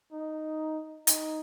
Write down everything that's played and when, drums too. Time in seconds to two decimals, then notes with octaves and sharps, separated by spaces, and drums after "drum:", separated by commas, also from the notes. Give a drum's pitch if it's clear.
0.12 D#4
1.07 D#4, drum: hi-hat